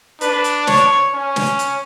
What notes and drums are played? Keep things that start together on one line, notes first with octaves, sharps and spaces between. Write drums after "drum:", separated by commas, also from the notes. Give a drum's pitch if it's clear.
D4 B4, drum: hi-hat
drum: hi-hat
C#5, drum: snare
C#4
drum: snare
drum: hi-hat